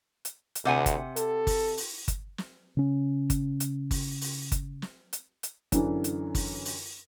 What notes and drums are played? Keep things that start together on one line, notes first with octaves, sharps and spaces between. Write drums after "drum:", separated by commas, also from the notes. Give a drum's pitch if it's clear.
drum: hi-hat
drum: hi-hat
D2 C3 F#5 G#5
drum: kick G1, hi-hat
A4, drum: hi-hat
drum: kick G1, open hi-hat
drum: open hi-hat
drum: kick G1, hi-hat
drum: snare
C#3 C#4
drum: kick G1, hi-hat
drum: hi-hat
drum: kick G1, open hi-hat
drum: open hi-hat
drum: kick G1, hi-hat
drum: snare
drum: hi-hat
drum: hi-hat
F#2 D3 E3, drum: kick G1, hi-hat
drum: hi-hat
drum: kick G1, open hi-hat
drum: open hi-hat